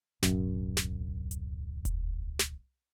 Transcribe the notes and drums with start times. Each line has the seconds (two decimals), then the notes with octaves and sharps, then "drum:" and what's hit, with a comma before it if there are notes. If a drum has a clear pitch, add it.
0.23 D1 B1 F#2, drum: snare
0.77 drum: snare
1.31 drum: hi-hat
1.85 drum: kick E1, hi-hat
2.39 drum: snare